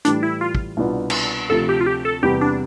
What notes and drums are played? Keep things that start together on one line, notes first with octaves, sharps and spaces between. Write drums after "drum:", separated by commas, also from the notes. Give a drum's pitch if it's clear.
A2 E3 G3 D4, drum: hi-hat
E4
F4
drum: kick
C2 B2 B3 D4 F4
drum: cymbal
D2 C3 F3 A4
G4
F4
G4
A4
E2 C3 G3 B3 G4
D4